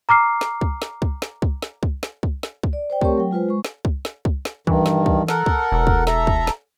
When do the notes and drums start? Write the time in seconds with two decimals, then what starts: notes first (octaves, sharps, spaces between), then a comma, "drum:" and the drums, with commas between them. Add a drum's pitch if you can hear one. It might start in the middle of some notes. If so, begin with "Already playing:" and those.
0.09 A#5 D6 F6 C7
0.41 drum: snare
0.61 drum: kick
0.82 drum: snare
1.02 drum: kick
1.22 drum: snare
1.42 drum: kick
1.62 drum: snare
1.83 drum: kick
2.03 drum: snare
2.23 drum: kick
2.43 drum: snare
2.63 drum: kick
2.73 D5
2.90 C5 D5 G5
3.01 A3 C4 G4 A#4 C#5 C#6, drum: kick
3.18 F#3 G5
3.31 G#3 F4 B4 C5
3.49 G#3 C#6
3.64 drum: snare
3.85 drum: kick
4.05 drum: snare
4.25 drum: kick
4.45 drum: snare
4.67 G2 D#3 E3, drum: kick
4.86 drum: snare
5.06 drum: kick
5.28 A4 A#4 F#5, drum: snare
5.46 drum: kick
5.72 E1
5.87 drum: kick
6.07 A4 E5 A#5, drum: snare
6.27 drum: kick
6.47 drum: snare